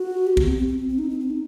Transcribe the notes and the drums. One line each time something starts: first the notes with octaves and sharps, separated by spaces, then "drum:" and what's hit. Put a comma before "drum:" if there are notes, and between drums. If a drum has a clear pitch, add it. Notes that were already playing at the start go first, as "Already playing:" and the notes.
Already playing: F#4
G4
B3, drum: kick A#1
C4
C4
C4
C4
C4
D#4
C4
C4
D#4